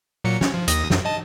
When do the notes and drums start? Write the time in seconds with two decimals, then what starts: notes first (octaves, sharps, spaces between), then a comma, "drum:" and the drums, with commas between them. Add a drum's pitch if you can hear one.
0.24 A#2 F#3 C#7
0.41 C#4, drum: snare
0.54 F3
0.68 D#2 D#6 A#6, drum: hi-hat
0.90 F#2, drum: snare
1.05 D#5 A5